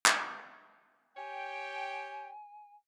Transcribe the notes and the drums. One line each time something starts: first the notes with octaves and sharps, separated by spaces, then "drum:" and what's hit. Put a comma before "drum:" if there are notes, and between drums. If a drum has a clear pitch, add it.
drum: clap
G4 C#5 G5 G#5